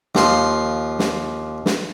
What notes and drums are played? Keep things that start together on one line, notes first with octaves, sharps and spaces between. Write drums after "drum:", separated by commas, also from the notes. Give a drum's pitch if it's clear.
D#2 F3 C6, drum: snare
drum: snare
drum: snare